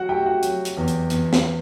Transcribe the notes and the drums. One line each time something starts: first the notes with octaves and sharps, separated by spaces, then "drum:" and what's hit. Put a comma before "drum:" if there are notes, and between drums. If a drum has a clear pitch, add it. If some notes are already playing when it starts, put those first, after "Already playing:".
Already playing: F#3 F#4 F#5
A3 G4 G5
F#4 F#5
F#3, drum: hi-hat
drum: hi-hat
E2
drum: hi-hat
E2, drum: hi-hat
drum: snare